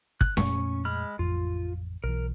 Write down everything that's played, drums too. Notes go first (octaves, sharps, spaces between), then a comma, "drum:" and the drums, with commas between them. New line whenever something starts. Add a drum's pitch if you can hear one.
F#6, drum: kick
F2 A#2 A3 C#4 C#6, drum: snare C#4
G#3 B5 F6
A1 F2 F4
B1 E3 A#4